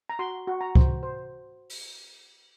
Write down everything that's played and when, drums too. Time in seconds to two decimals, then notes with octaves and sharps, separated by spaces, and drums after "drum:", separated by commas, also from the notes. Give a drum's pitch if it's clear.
0.09 A#5
0.19 F#4 C6
0.47 F#4
0.61 A#5
0.75 C5, drum: kick C#2
1.03 C5
1.70 drum: open hi-hat